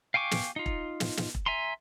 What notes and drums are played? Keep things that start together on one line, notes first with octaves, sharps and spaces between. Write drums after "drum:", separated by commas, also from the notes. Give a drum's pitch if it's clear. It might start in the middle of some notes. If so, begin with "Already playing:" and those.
F5 G5 G#5 C#6 D6
drum: snare
D#4 F4
drum: kick E1
drum: snare
drum: snare
drum: kick E1
E5 G#5 A#5 C6